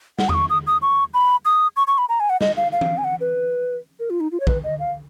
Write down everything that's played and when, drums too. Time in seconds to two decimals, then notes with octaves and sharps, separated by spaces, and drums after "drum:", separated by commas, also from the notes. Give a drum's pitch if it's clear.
0.19 F#5, drum: snare
0.29 D#6, drum: tom E2
0.34 C#6
0.50 D#6
0.67 D#6
0.82 C#6
1.14 B5
1.45 D#6
1.76 C#6
1.87 C#6
1.98 B5
2.09 A#5
2.20 G#5
2.30 F#5
2.41 D#5, drum: snare
2.57 F5
2.72 F5
2.81 drum: tom E3
2.98 G#5
3.04 F#5
3.21 B4
4.00 A#4
4.10 F4
4.20 D#4
4.32 F4
4.40 C#5
4.47 B4, drum: kick
4.64 D#5
4.79 F5